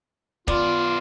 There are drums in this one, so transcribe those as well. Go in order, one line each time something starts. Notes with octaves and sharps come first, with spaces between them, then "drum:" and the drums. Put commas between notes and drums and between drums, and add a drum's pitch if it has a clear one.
B3 F4 D5, drum: kick